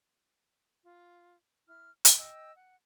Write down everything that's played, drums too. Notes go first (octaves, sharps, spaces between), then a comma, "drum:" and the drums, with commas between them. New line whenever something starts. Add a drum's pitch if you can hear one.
F4
E4 F6
C#6, drum: hi-hat
D#5 G5 E6
F#5